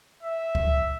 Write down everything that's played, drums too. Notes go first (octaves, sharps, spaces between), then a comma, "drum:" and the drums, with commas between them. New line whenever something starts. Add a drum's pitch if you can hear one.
E5
drum: kick C#2